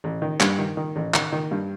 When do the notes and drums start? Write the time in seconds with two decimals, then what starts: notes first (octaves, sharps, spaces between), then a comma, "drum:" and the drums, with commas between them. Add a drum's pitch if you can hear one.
0.04 A1
0.22 D#3
0.40 G2, drum: clap
0.58 D#3
0.77 D#3
0.96 A1
1.14 D#3, drum: clap
1.32 D#3
1.51 G2